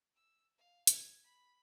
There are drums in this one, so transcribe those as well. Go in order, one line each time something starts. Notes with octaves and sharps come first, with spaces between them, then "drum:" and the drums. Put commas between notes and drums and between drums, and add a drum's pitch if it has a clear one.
E6
F5
G#6, drum: hi-hat
B5